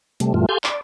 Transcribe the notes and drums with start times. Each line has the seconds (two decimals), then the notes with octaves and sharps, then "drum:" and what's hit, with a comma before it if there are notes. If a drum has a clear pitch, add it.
0.20 C3 G3 A3, drum: hi-hat
0.34 F#2 A#2 E3 G3 A3 F4
0.49 G4 A4 F5 G#5 C6 G6
0.64 D5, drum: clap